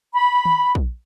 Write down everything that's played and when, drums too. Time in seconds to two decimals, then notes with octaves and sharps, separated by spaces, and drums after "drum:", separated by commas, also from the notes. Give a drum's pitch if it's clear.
0.13 B5
0.45 drum: tom D#3
0.75 drum: kick A#1